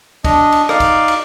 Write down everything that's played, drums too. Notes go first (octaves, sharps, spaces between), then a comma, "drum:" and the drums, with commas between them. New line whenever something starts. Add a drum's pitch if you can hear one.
D4 D#5, drum: kick, cymbal
drum: cymbal
D#4 D5 F5, drum: rim click
drum: kick, cymbal
drum: cymbal